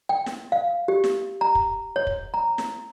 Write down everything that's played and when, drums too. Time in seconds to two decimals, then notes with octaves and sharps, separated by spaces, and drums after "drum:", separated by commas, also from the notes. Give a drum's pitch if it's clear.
0.09 G5
0.26 drum: snare
0.52 F5
0.88 G4
1.04 drum: snare
1.41 A#5
1.55 drum: kick
1.96 C#5
2.07 drum: kick
2.34 A#5
2.58 drum: snare